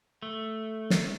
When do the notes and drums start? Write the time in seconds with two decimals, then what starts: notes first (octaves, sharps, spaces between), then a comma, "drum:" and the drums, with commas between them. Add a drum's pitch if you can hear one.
0.22 A3
0.90 drum: snare